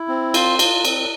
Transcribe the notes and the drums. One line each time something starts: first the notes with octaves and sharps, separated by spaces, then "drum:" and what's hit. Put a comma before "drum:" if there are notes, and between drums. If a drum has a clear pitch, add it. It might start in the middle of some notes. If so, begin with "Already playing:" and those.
Already playing: E4
C4
F4 C5, drum: cymbal
F4, drum: cymbal
C4, drum: cymbal